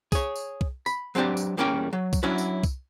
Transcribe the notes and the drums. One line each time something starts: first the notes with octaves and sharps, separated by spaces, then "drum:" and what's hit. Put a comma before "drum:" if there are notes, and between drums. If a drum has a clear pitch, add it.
G#4 C#5, drum: kick, tambourine
drum: tambourine
drum: kick
B5, drum: tambourine
F#3 C4 D4 G4 D5
drum: tambourine
E2 G3 A#3 C#4 A#4 G5
F#3
drum: kick, tambourine
F#3 C#4 D4 E4 F#4
drum: tambourine
drum: kick, tambourine